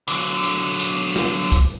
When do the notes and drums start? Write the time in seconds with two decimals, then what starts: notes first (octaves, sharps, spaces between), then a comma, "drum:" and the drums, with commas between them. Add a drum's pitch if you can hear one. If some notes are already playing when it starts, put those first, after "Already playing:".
0.08 D3 F#3, drum: hi-hat
0.44 drum: hi-hat
0.80 drum: hi-hat
1.16 drum: snare
1.52 drum: kick, hi-hat